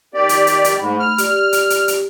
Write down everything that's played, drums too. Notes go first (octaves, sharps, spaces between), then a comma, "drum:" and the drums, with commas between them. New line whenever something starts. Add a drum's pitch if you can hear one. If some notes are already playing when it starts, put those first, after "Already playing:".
D#3 G4 D5
drum: hi-hat
drum: hi-hat
drum: hi-hat
G#2 A3 B5
F6
G4 D5, drum: hi-hat
drum: hi-hat
drum: hi-hat
drum: hi-hat